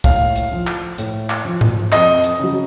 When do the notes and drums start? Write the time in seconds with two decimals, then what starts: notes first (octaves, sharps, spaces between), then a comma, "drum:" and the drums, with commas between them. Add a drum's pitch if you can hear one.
0.04 A2 F5, drum: kick, hi-hat
0.36 drum: hi-hat
0.52 F3
0.67 drum: clap
0.98 A2, drum: hi-hat
1.30 drum: clap
1.45 F3
1.61 drum: tom G#2
1.92 F2 D#5, drum: clap
2.24 drum: hi-hat
2.39 C#3 F#3